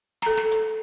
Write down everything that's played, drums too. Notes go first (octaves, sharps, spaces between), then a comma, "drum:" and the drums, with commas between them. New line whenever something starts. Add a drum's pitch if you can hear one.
A4 A#5, drum: snare
drum: snare
drum: hi-hat